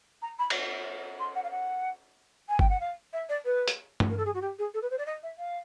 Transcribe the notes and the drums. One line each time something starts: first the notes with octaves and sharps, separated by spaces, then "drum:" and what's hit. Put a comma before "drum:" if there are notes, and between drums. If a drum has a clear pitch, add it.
A#5
B5
drum: cymbal
C6
F#5
F5
F#5
G#5
G5, drum: kick G1
F#5
F5
E5
D5
B4
drum: hi-hat
drum: tom G2
A#4
A4
G#4
F#4
G4
G#4
A4
B4
C5
D5
D#5
E5
F5